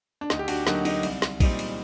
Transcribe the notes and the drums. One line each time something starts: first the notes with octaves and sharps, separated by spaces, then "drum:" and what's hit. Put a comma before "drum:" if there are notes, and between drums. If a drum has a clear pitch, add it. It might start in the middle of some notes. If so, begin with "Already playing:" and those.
D4
D2 D#4, drum: snare
G4
D4 F#4, drum: cymbal
D3 F#3 A#3 D#4, drum: snare
D#4, drum: cymbal
C2, drum: cymbal
drum: snare
A#2 G3 C4 D#4, drum: kick, cymbal
drum: cymbal